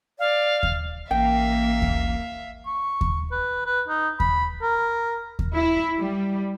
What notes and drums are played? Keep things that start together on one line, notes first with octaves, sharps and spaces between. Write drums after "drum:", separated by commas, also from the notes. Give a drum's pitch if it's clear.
D5 F5
drum: kick D#2
A1 A#3 E5 F5 G5
drum: kick D#2
C#6
drum: kick D#2
B4
B4
D#4
B5, drum: kick D#2
A#4
drum: kick D#2
E4
G3